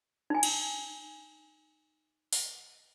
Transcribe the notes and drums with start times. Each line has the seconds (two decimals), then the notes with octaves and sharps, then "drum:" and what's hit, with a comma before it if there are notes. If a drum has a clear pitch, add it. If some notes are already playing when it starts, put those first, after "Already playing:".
0.30 D#4 G#5
0.43 drum: cymbal
2.33 drum: open hi-hat